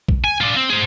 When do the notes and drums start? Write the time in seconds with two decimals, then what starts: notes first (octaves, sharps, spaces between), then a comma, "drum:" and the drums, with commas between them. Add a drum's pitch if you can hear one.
0.08 drum: kick
0.24 G#5
0.41 D4 F4
0.56 C4
0.70 G#4 C5